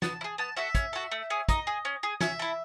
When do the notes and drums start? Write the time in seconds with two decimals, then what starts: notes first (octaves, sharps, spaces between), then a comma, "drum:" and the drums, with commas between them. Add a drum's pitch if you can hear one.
0.02 B3 A5, drum: snare
0.21 E4
0.24 G#4
0.38 B3 A5
0.56 F#4 A4 E5
0.75 C#4, drum: kick, hi-hat
0.93 F#4 A4
1.12 A3
1.30 C#4 G#4
1.49 D#4 D#5, drum: kick, hi-hat
1.67 G#4
1.85 C#4
2.03 G#4
2.21 C#4 E5, drum: snare
2.39 E4 A4